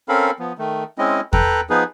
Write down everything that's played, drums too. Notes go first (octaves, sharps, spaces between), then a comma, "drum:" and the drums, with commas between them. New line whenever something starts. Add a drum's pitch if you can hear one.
C4 C#4 A4 A#4 F5 B5
F3 B3
D#3 A3
G#3 C4 C#4 E4 D#5
A4 B4 G5 A#5 F#6, drum: kick E2
F3 B3 D#4 G#4 B4